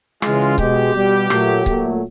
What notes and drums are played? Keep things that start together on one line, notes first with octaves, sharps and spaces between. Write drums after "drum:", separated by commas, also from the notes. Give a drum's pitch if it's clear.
C#3 E3 G#3 F4, drum: rim click
B2 G#3 G4, drum: kick C#1, hi-hat
B2 G3, drum: hi-hat
A#2 F#3 A3, drum: rim click
A#2 F#3 A3, drum: kick C#1, hi-hat